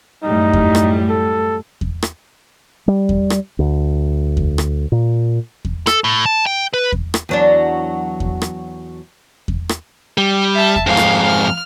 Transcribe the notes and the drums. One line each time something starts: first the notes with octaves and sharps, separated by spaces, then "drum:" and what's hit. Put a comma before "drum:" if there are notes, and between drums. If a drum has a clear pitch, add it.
F#2 A2 G3 D#4
drum: kick E2
drum: rim click
A4
drum: kick E2
drum: rim click
G3
drum: kick E2
drum: rim click
D2
drum: kick E2
drum: rim click
A#2
drum: kick E2
A4, drum: rim click
A2
A5
G5
B4
drum: kick E2
drum: rim click
E2 F#3 D4
drum: kick E2
drum: rim click
drum: kick E2
drum: rim click
G3
E5 A5
drum: kick E2
F2 G#2 F5
drum: rim click
F6